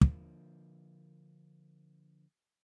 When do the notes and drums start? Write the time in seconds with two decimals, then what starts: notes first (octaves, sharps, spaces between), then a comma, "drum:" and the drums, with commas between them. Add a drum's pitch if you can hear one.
0.01 D3 F3 A#3, drum: kick